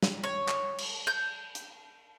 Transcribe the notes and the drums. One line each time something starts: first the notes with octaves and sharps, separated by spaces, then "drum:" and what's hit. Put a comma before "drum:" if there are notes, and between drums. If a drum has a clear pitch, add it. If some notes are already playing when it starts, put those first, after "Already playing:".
drum: snare
C#5
drum: clap
drum: cymbal
G6
drum: hi-hat